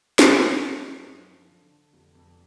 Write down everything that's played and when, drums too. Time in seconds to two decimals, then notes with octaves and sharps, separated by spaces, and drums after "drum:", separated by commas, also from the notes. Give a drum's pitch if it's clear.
0.19 F3, drum: snare
0.41 F3
0.63 F#2
0.84 F#2
1.06 F#2
1.28 F3
1.49 D3
1.71 D3
1.93 F1
2.15 F2